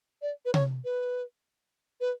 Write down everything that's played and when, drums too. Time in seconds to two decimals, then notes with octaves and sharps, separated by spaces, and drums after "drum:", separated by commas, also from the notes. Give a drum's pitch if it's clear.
0.22 D5
0.45 B4
0.54 C#5, drum: tom C3
0.85 B4
2.00 B4